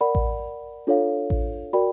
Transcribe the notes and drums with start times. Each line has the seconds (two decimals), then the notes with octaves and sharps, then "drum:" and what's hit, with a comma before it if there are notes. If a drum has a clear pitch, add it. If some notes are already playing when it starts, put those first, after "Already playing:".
0.01 A#4 D5 F#5 B5
0.15 drum: kick A1
0.87 D4 F4 A4 C#5 F5
1.30 drum: kick A1
1.73 F#4 A#4 D5 G5 B5